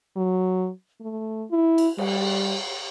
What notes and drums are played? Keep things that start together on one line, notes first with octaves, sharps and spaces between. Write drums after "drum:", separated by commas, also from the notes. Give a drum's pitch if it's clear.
F#3
A3
E4
drum: cymbal
G3, drum: cymbal